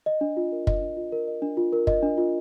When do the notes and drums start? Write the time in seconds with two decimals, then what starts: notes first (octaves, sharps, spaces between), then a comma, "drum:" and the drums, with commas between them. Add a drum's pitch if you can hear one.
0.06 D#5
0.21 D4
0.37 F4
0.52 A#4
0.67 D#5, drum: kick
0.82 D4
0.97 F4
1.12 A#4
1.28 D#5
1.42 D4
1.57 F4
1.73 A#4
1.87 D#5, drum: kick
2.03 D4
2.18 F4